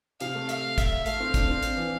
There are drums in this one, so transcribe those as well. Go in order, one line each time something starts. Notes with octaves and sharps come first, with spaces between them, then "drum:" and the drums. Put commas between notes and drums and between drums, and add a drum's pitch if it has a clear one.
C3 F5, drum: hi-hat
A3
F5, drum: hi-hat
E5, drum: kick, hi-hat
A3 F5, drum: hi-hat
C4
D4, drum: kick, hi-hat
C4
drum: hi-hat
E3